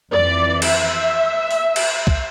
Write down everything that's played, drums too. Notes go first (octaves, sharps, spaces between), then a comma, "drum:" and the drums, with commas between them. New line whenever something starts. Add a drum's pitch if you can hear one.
F2 E3 D5
E5, drum: cymbal
drum: open hi-hat
drum: cymbal
drum: kick